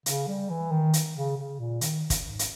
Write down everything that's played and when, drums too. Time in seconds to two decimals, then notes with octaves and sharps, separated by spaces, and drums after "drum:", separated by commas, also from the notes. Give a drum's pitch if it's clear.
0.06 C#3, drum: hi-hat
0.28 G3
0.50 E3
0.71 D#3
0.93 drum: hi-hat
1.16 C#3
1.37 C#3
1.60 A#2
1.81 D#3, drum: hi-hat
2.10 drum: kick, hi-hat
2.25 G#2
2.39 drum: hi-hat